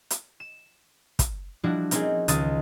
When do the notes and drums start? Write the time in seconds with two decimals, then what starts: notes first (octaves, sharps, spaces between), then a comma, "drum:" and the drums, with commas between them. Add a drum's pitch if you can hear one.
0.10 drum: hi-hat
0.40 E7
1.19 drum: kick, hi-hat
1.64 F3 G3 D4 E4 F#4
1.91 A#3 C4 C#4 D#4 G#4, drum: hi-hat
2.28 C#2 D#3 C#4 D#6 A6, drum: hi-hat